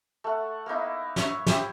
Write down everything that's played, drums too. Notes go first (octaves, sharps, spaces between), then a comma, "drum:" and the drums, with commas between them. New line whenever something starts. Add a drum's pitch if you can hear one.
A3 F#5
A#3 B3 D#4 E4
C#5 E5 C#6, drum: snare
E4 G4, drum: snare